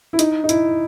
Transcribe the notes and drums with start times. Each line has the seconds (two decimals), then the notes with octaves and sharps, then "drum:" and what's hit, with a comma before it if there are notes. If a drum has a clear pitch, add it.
0.13 E4
0.19 D#4, drum: hi-hat
0.44 D#4
0.49 E4, drum: hi-hat